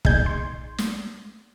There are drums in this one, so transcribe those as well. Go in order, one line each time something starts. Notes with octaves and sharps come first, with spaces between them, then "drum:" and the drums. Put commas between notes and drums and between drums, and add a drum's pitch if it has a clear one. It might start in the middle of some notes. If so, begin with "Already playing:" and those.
A#1 B2 D#4 G#4 G6 G#6, drum: kick
C6
drum: snare